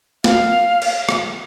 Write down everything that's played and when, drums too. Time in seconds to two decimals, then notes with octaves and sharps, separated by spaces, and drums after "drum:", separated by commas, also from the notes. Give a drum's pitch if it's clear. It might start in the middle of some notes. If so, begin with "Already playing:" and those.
0.24 F5, drum: snare
0.82 drum: cymbal
1.09 drum: rim click